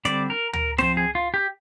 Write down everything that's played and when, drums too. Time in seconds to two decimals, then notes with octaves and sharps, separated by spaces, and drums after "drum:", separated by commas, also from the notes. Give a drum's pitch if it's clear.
0.05 D3 G3 C4 D5, drum: hi-hat
0.30 A#4
0.53 A#4, drum: tom D2
0.78 F3 C4 C5, drum: snare
0.97 G#4
1.15 F4
1.34 G4